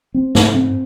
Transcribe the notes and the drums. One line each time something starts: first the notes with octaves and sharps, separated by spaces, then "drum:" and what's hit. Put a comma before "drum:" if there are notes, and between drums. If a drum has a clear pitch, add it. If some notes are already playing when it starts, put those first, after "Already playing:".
C4
G#2, drum: snare
C4